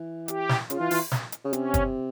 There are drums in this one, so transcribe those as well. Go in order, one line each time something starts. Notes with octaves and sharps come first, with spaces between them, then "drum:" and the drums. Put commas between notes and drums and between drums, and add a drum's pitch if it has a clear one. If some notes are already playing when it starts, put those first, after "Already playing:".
Already playing: E3
G4, drum: hi-hat
drum: snare
C#3 F4, drum: hi-hat
E3
E3, drum: open hi-hat
drum: snare
drum: hi-hat
C#3
C3 C#4, drum: hi-hat
drum: kick, hi-hat